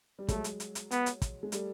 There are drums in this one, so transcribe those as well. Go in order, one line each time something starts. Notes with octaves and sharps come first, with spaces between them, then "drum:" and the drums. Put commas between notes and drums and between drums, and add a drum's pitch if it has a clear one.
G3
F#3 G#3 A3, drum: kick, hi-hat
drum: hi-hat
drum: hi-hat
drum: hi-hat
B3, drum: hi-hat
drum: hi-hat
drum: kick, hi-hat
G#3
G3 A3, drum: hi-hat